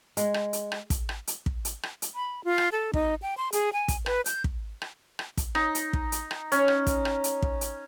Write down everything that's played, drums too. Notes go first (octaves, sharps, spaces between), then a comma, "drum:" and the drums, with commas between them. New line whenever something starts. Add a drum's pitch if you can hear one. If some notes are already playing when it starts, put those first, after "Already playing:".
G#3, drum: hi-hat
drum: rim click
drum: hi-hat
drum: rim click
drum: kick, hi-hat
drum: rim click
drum: hi-hat
drum: kick
drum: hi-hat
drum: rim click
drum: hi-hat
B5
F4
drum: rim click
A4
D#4, drum: kick
G5
C6
G#4, drum: hi-hat
G#5
drum: kick, hi-hat
B4, drum: rim click
G6, drum: hi-hat
drum: kick
drum: rim click
drum: rim click
drum: kick, hi-hat
D#4, drum: rim click
drum: hi-hat
drum: kick
drum: hi-hat
drum: rim click
C#4, drum: hi-hat
drum: rim click
drum: kick, hi-hat
drum: rim click
drum: hi-hat
drum: kick
drum: hi-hat